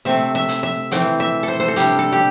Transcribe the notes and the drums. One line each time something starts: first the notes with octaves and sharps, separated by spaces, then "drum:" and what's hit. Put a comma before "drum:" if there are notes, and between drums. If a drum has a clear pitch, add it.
C3 A3 C4 E5
E5
drum: hi-hat
E5
E3 A3 C4 G5, drum: hi-hat
E5
A4 C5
C5
A4
C3 G3 D4 G4, drum: hi-hat
A4
G4